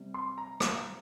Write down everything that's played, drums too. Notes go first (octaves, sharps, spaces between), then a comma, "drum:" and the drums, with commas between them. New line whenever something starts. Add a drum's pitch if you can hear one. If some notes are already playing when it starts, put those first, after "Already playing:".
Already playing: C3 G3 C4
C6
A#5
drum: rim click